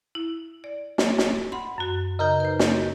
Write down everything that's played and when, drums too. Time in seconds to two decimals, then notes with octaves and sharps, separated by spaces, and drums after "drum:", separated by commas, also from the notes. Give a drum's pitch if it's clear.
0.15 E4
0.64 D5
0.98 drum: snare
1.18 drum: snare
1.52 F#5 B5 C6
1.78 F#2 F#4
2.19 C#3 D#4 A#4 G6
2.40 B4 C5
2.59 drum: snare